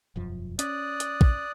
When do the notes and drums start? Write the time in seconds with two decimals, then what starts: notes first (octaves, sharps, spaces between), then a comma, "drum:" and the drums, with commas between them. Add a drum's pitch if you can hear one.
0.16 E1 F#2 F3
0.59 C#4 D5 D#6 F#6, drum: hi-hat
1.00 drum: hi-hat
1.21 drum: kick